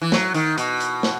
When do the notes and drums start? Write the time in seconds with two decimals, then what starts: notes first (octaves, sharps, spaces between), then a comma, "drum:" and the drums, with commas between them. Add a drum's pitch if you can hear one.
0.01 E3
0.12 F#3, drum: snare
0.34 D#3, drum: hi-hat
0.58 B2, drum: hi-hat
0.80 drum: hi-hat
1.03 drum: snare